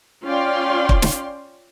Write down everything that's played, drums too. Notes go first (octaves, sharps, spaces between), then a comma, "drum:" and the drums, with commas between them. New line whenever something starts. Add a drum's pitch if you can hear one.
C#4 F4 D5 F5 G5 C6
drum: kick
drum: snare